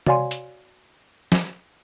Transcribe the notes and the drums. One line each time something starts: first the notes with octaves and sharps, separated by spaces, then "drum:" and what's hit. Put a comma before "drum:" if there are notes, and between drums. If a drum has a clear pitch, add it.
F#4 C#5 D5 F5 G#5 C6, drum: tom C3
drum: hi-hat
drum: snare